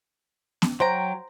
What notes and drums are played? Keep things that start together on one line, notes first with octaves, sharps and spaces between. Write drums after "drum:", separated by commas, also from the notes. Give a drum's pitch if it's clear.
drum: snare B3
F#3 C5 G5 A#5